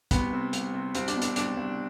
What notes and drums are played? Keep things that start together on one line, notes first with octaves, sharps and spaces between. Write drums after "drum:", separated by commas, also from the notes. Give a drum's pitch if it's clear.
C2 B3, drum: kick, hi-hat
C3
C2, drum: hi-hat
C3
C2 C4, drum: hi-hat
D4, drum: hi-hat
B2
D4, drum: hi-hat
C2 D4, drum: hi-hat
C2